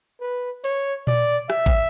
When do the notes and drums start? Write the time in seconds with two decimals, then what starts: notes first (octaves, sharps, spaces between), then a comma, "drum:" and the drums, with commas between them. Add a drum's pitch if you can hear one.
0.21 B4
0.64 C#5, drum: open hi-hat
1.07 D5, drum: tom A#2
1.50 E5, drum: rim click
1.66 drum: kick